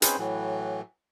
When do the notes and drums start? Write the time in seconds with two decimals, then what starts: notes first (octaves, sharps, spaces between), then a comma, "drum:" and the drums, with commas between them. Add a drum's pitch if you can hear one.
0.02 C4 C#4 D#4 G#4 B4 C5, drum: hi-hat
0.18 A2 E3 F#3